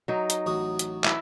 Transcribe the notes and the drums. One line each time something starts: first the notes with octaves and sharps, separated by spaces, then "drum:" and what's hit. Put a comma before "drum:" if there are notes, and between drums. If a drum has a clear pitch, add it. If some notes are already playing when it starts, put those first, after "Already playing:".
F#3 D#4
drum: hi-hat
A1 F#4 D#6
drum: hi-hat
E4, drum: clap